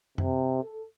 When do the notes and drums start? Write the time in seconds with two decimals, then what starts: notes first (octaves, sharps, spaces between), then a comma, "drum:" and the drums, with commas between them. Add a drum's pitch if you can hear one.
0.18 C3, drum: tom F#2
0.62 A4